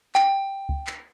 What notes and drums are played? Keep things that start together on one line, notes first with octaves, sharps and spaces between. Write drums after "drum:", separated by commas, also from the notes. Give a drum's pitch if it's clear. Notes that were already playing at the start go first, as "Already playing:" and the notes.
G5, drum: clap
drum: kick C#2
drum: clap